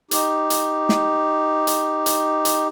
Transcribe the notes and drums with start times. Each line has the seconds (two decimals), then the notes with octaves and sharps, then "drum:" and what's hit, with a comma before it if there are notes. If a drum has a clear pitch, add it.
0.11 D#4 G4, drum: hi-hat
0.50 drum: hi-hat
0.89 drum: snare
1.67 drum: hi-hat
2.06 drum: hi-hat
2.45 drum: hi-hat